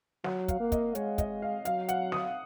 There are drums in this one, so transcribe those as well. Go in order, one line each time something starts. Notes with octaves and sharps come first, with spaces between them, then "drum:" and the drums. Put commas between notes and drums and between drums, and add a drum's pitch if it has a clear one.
F#3 F#5, drum: snare
F5, drum: kick, hi-hat
A#3
D#5, drum: kick, hi-hat
G#3 C#5, drum: hi-hat
D#5, drum: kick, hi-hat
F5
F#3 F5, drum: hi-hat
F#5, drum: hi-hat
D#6, drum: snare